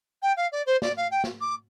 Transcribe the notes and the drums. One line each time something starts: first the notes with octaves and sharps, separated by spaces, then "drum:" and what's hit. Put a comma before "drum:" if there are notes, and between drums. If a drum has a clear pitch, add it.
G5
F5
D5
C5
D5, drum: snare
F5
G5
drum: snare
D6